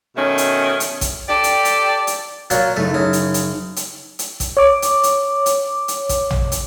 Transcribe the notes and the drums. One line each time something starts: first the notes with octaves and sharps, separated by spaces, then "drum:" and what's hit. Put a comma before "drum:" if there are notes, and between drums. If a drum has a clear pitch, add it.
B2 D#3 A3 C#4
drum: hi-hat
drum: hi-hat
drum: kick, hi-hat
G4 A4 D5
drum: hi-hat
drum: hi-hat
drum: hi-hat
A#2 F#3 F4 F#4, drum: hi-hat
F#1 A3 D#4
C#3
drum: hi-hat
drum: hi-hat
drum: hi-hat
drum: hi-hat
drum: kick, hi-hat
C#5 D6
drum: hi-hat
drum: hi-hat
drum: hi-hat
drum: hi-hat
drum: kick, hi-hat
drum: tom
drum: hi-hat